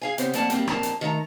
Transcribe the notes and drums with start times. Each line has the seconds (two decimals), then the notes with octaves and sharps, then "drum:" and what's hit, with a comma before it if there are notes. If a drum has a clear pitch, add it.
0.01 G#4 F5 G#5
0.18 C#3 B3 C4 G4 C5, drum: hi-hat
0.33 F2 A3 A#3 D5 F#5 A5, drum: hi-hat
0.50 G3 A#3 C4, drum: hi-hat
0.67 F2 A#2 A#3 A5, drum: rim click
0.83 drum: hi-hat
1.01 D#3 A3 E5 A#5